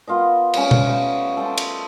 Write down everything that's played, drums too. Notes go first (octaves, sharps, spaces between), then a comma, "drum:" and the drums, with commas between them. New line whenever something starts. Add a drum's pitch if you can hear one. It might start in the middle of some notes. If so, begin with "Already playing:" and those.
B3 F4 A#4 D#5
G3 A3 C#4, drum: cymbal
drum: tom B2
D#5 F5 G5
A4 G5 A5 C6
drum: cymbal